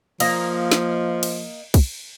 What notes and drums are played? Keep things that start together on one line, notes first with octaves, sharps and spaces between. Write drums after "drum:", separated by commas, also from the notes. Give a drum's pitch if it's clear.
F3 A#3 D#5, drum: cymbal
drum: snare
drum: cymbal
drum: kick, cymbal